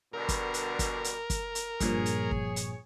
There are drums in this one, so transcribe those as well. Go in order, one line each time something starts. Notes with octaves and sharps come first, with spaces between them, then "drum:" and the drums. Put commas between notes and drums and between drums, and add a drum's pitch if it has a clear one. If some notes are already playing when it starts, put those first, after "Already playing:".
B2 D3 G3 A#4
drum: kick, hi-hat
drum: hi-hat
drum: kick, hi-hat
drum: hi-hat
drum: kick, hi-hat
drum: hi-hat
G2 A#2 F3 G#4 C#5, drum: kick, hi-hat
drum: hi-hat
drum: kick
drum: hi-hat